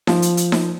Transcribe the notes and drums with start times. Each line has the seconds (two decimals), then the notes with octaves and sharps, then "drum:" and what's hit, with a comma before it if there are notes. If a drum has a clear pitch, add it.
0.07 F3, drum: snare D#4
0.22 drum: hi-hat
0.37 drum: hi-hat
0.52 drum: snare D#4